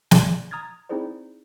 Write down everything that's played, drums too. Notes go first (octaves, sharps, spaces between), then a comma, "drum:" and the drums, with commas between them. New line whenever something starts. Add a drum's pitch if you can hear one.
D5, drum: snare
A#5 D#6 F6 G#6 A6
C4 D#4 E4 G#4 C5 D5